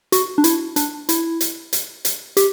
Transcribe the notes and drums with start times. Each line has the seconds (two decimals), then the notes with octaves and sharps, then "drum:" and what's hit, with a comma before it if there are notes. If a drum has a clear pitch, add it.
0.12 F#4, drum: hi-hat
0.38 D4
0.44 E4, drum: hi-hat
0.76 D4, drum: hi-hat
1.09 E4, drum: hi-hat
1.41 drum: hi-hat
1.73 drum: hi-hat
2.05 drum: hi-hat
2.37 G4, drum: hi-hat